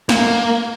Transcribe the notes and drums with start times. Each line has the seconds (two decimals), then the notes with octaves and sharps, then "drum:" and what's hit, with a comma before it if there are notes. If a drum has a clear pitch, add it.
0.09 A#3, drum: snare